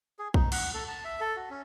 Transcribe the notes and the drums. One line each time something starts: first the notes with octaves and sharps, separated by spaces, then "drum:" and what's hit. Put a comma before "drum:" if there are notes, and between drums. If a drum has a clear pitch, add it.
G#4
D#4, drum: kick
F#5, drum: cymbal
A4
A5
E5
A4
F#4
C#4